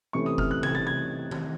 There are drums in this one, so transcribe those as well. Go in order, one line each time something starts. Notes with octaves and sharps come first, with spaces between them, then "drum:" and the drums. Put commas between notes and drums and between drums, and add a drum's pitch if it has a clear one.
C3 E3 A3 C#4 C#6
D#6
F6, drum: kick F1
F#6
G#6, drum: tom C3
A6
G#6
drum: tom D#3